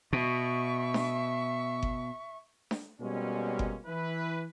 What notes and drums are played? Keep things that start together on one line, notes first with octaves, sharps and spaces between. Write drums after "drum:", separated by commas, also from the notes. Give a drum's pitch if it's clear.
B2 E5 C#6
drum: snare D4
drum: kick G1
drum: snare D4
B2 G3 G#3 A#3 C4 C#4
drum: kick G1
E3 E4 B4